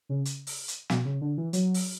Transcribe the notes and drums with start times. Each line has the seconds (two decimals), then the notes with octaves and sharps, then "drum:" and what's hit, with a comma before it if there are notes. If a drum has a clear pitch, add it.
0.09 C#3
0.25 drum: hi-hat
0.47 drum: open hi-hat
0.68 drum: hi-hat
0.90 B2, drum: snare
1.05 C#3
1.21 D3
1.38 E3
1.53 F#3, drum: hi-hat
1.74 drum: open hi-hat